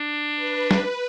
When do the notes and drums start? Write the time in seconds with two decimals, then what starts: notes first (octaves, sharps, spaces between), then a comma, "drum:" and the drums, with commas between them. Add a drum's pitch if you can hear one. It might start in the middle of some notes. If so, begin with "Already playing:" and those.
Already playing: D4
0.36 B4
0.71 drum: snare